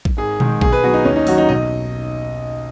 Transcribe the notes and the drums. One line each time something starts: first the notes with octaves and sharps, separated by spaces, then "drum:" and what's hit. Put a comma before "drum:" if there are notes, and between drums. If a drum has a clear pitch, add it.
drum: kick A#1
G#1 G#4
G#2 D#3, drum: tom A#2
B1 G#4, drum: kick A#1
B4
B2 F#3 F#4
D#4
D#2 C#4
D#4
D#3 F#3 F#4, drum: open hi-hat
D#4
B1 D#5